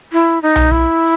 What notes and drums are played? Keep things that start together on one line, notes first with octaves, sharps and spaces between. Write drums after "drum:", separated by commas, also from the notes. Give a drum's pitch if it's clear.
E4
D#4
drum: tom B1
E4, drum: kick